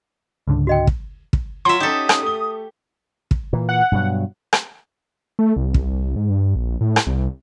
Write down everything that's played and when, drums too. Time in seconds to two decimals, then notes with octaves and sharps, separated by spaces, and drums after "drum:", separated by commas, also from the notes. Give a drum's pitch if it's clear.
0.48 C#2 G#2 D3
0.67 F#4 D#5 G5
0.87 drum: kick
1.33 drum: kick
1.65 F#3 F4 E5 C6 G7
1.80 C#4 D#4 G4 A4 D#6
2.09 drum: rim click
2.22 A3 G7
3.31 drum: kick
3.53 A#2 E3
3.69 F#5
3.92 G2 B2 F#3
4.53 drum: rim click
5.39 A3
5.57 C2
5.74 drum: kick
6.16 G#2
6.30 G2
6.56 A#1
6.81 A2
6.96 drum: rim click
7.07 C2